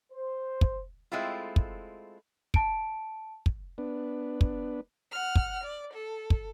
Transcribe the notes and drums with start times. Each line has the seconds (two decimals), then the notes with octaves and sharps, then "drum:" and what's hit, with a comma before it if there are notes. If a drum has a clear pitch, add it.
0.13 C5
0.61 drum: kick
1.12 G#3 A3 C4 E4 F4
1.56 drum: kick
2.54 A5 D7, drum: kick
3.46 drum: kick
3.78 B3 D4
4.41 drum: kick
5.12 F#5 F6
5.36 drum: kick
5.64 D5
5.94 A4
6.30 drum: kick